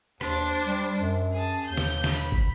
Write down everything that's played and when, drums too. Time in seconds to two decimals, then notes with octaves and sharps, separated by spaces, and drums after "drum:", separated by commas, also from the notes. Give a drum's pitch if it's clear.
0.21 D#2 D4 C5, drum: rim click
0.67 G3
1.00 F#2
1.32 G#4 A5
1.66 D#2 G6
1.77 drum: snare
2.04 drum: snare
2.13 B5
2.32 drum: kick